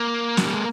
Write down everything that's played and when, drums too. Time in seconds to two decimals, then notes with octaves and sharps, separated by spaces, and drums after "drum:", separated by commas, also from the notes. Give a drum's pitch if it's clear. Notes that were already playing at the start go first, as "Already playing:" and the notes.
Already playing: A#3
0.37 F#3, drum: snare
0.46 G3
0.55 G#3